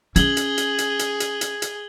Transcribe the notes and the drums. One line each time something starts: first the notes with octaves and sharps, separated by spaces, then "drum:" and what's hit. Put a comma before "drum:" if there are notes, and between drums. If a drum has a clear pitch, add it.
C#4 G#4 G#6 F#7 G7, drum: hi-hat
drum: hi-hat
drum: hi-hat
drum: hi-hat
drum: hi-hat
drum: hi-hat
drum: hi-hat
drum: hi-hat